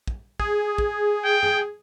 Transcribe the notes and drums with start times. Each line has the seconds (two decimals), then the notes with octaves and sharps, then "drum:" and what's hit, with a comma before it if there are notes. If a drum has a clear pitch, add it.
0.08 drum: kick
0.40 G#4, drum: kick
0.78 drum: kick
1.24 G5
1.43 drum: tom F#2